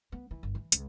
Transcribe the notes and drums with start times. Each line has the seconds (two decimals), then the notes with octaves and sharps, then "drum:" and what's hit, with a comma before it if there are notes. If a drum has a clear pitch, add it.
0.12 B3
0.31 E3
0.43 G1
0.55 E3
0.72 C#2, drum: hi-hat